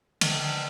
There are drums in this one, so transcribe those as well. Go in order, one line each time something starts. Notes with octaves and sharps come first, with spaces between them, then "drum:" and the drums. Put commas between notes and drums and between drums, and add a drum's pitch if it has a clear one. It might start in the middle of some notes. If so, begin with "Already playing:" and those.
D3, drum: cymbal